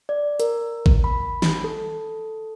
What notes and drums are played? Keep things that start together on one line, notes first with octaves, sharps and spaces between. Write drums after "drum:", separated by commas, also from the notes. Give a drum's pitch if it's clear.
D5
A#4, drum: hi-hat
drum: kick A1
B5
drum: snare
A4